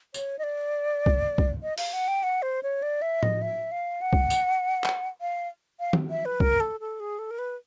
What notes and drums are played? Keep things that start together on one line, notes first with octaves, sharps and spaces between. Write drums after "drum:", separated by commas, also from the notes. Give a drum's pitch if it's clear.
C#5, drum: tambourine
D#5
D5
drum: kick
drum: kick
D#5
F5, drum: open hi-hat
F#5
G5
F#5
C5
C#5
D5
E5
D#5, drum: tom A2
E5
F5
F#5
drum: kick
drum: tambourine
drum: clap
F5
F5
drum: tom D#3
E5
B4
A#4, drum: kick
A4
A4
G#4
A4
A#4
B4